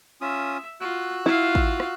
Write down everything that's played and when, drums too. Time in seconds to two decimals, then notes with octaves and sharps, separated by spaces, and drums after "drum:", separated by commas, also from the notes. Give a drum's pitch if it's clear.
0.21 C#4 F4 E5 D#6
0.81 F4 F#4 E6 F#6
1.26 E4 F4 F5
1.55 drum: kick
1.80 drum: rim click